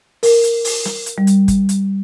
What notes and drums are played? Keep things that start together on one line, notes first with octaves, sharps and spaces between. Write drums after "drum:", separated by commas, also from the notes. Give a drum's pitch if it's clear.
A#4, drum: open hi-hat
drum: hi-hat
drum: open hi-hat
drum: snare
drum: hi-hat
G3
drum: hi-hat
drum: kick, hi-hat
drum: hi-hat